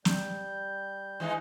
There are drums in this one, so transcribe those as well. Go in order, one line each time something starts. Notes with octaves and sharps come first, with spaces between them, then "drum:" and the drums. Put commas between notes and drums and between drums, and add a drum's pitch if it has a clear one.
G3 G6, drum: snare
E3 G#3 D#4